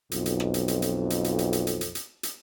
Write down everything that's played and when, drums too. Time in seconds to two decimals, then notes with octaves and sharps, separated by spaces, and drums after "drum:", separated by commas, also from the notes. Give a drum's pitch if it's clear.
0.12 B1 F2, drum: hi-hat
0.26 drum: hi-hat
0.40 drum: rim click
0.54 drum: hi-hat
0.68 drum: hi-hat
0.82 drum: hi-hat
1.10 drum: hi-hat
1.24 drum: hi-hat
1.39 drum: hi-hat
1.53 drum: hi-hat
1.67 drum: hi-hat
1.81 drum: hi-hat
1.95 drum: hi-hat
2.23 drum: hi-hat